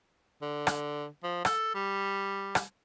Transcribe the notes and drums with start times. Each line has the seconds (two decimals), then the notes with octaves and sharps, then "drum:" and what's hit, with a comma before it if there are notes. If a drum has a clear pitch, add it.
0.42 D3
0.67 drum: rim click
1.23 F3
1.45 A4, drum: rim click
1.74 G3
2.55 drum: rim click